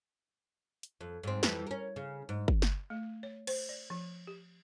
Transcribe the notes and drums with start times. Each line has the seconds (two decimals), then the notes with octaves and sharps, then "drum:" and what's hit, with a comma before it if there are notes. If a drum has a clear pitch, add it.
0.83 drum: hi-hat
1.01 F2
1.23 G#2 C4
1.43 F2 E3 G3, drum: snare
1.67 C#4 A#4
1.96 C#3
2.29 G#2
2.48 drum: kick
2.62 drum: snare
2.90 A3
3.23 C#5
3.47 C5, drum: cymbal
3.69 D5
3.90 F3
4.27 G4